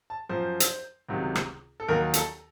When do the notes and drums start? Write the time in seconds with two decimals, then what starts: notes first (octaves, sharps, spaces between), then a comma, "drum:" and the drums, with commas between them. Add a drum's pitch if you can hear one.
0.10 A5
0.29 F#2 F3 C5
0.60 drum: hi-hat
1.09 C#2 C3 D#3 F#3
1.35 drum: rim click
1.80 A4
1.88 D#2 D#3 F#3 A#4
2.14 A4, drum: hi-hat